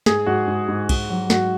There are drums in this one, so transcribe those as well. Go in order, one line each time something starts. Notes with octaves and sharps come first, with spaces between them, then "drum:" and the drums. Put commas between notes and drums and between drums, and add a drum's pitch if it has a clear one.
G#2 G#4, drum: snare
G#2 F#4
G#2
G#2
G#2, drum: kick B1, cymbal
F#3
G#2 F#4, drum: snare